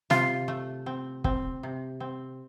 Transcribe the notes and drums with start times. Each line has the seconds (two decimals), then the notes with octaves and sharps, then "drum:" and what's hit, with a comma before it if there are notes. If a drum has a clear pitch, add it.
0.10 C3 F4, drum: snare
0.48 A3
0.86 C4
1.24 C4, drum: kick
1.63 C3
2.00 C4